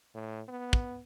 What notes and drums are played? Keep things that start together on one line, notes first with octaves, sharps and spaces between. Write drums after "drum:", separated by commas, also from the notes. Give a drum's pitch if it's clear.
A2
B3
drum: kick